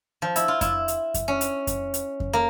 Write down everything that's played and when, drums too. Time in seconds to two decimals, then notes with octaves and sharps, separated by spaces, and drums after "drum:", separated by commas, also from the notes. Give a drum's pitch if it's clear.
0.22 F3
0.36 E4, drum: hi-hat
0.48 F4
0.61 E4, drum: kick F2, hi-hat
0.88 drum: hi-hat
1.14 drum: kick F2, hi-hat
1.28 C#4
1.41 drum: hi-hat
1.67 drum: kick F2, hi-hat
1.94 drum: hi-hat
2.20 drum: kick F2
2.33 A#3